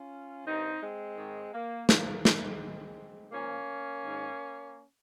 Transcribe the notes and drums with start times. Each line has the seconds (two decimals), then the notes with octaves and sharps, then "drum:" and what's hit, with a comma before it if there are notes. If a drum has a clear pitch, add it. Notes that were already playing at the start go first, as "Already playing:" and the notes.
Already playing: C#4 F4
0.46 G2 D#3 C4 D#4
0.82 G#3 C4
1.17 G#2 D#3
1.54 A#3
1.89 G2 F3 A#3, drum: snare
2.25 G#3 C4, drum: snare
2.61 G#2 D#3
3.32 A#2 F3 A#3 C#4
4.04 G#2 D#3